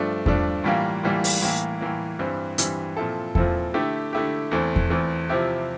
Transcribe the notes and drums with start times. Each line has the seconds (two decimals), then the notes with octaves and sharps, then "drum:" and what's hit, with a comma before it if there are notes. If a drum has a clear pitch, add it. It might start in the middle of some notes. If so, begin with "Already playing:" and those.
Already playing: G2 F3 A3 D4
0.26 G2 F3 A3 D4, drum: kick E2
0.64 A2 E3 G3 A#3 F4
1.03 A2 E3 G3 A#3 F4
1.24 drum: open hi-hat
1.42 A2 E3 A#3
1.81 A2 E3 A#3
2.19 G2 E3 G3 C4
2.58 G2 E3 G3 C4, drum: hi-hat
2.97 A#2 F3 C4 E4 A4
3.35 A#2 F3 C4 E4 A4, drum: kick E2
3.74 D3 A3 E4 G4
4.13 D3 A3 E4 G4
4.51 E2 E3 A3 C4
4.76 drum: kick E2
4.90 E2 E3 A3 C4
5.29 C3 F3 C4 E4 G4